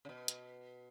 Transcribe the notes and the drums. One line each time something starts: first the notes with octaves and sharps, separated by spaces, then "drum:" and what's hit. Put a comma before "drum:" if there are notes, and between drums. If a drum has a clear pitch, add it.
C#3
B2
drum: hi-hat